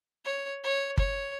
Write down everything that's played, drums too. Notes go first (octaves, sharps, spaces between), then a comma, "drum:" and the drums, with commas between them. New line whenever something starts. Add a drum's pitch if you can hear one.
C#5
C#5
C#5, drum: kick G1